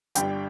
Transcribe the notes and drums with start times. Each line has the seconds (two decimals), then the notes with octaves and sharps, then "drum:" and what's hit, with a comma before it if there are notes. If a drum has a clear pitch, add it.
0.15 G1 G2 D3 G3 G5, drum: hi-hat